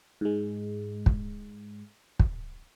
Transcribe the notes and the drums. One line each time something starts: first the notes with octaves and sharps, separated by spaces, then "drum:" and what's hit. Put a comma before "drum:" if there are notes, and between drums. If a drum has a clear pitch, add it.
G#2 G#3
drum: kick
drum: kick